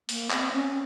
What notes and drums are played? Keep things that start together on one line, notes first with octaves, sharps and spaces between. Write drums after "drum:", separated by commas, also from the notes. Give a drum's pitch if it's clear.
A#3, drum: open hi-hat
C4, drum: clap
C#4